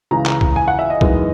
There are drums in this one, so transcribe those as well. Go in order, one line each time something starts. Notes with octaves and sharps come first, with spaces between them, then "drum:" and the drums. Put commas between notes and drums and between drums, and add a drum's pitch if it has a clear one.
C#2 C#3 E3 A#5
drum: clap
drum: kick
G#5
F#5
E5
D#5
F#2 E3 G#3 B3 D#4, drum: kick